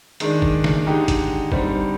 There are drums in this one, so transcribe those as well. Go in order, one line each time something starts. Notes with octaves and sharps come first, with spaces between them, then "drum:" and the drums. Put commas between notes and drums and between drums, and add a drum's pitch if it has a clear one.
D#3 G#3 D4, drum: hi-hat
drum: kick G1
drum: snare
D3 G#3 D#4 G4
drum: kick G1, hi-hat
D3 G3 C4 D#4, drum: kick G1